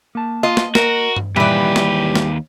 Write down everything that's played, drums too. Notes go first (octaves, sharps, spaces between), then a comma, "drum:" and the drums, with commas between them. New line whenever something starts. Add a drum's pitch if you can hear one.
A#3 A5
F4 D#5
drum: snare
F#4 A#4, drum: snare
drum: tom
D#2 E3 G3 G4 B4 D5 E5, drum: tom A#2
drum: snare
drum: snare